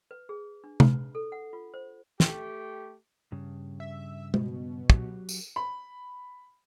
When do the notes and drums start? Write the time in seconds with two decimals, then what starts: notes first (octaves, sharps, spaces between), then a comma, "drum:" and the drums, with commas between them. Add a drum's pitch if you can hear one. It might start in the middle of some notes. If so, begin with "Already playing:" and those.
0.11 B4
0.29 G#4
0.64 D4
0.80 B4, drum: tom C3
1.15 A4
1.32 F#5
1.53 F4
1.74 C5
2.20 A3 G4, drum: snare
3.32 G2 C#3
3.80 E5
4.34 B2, drum: tom G#3
4.90 F#3 F#4 G4, drum: kick
5.29 drum: tambourine
5.56 B5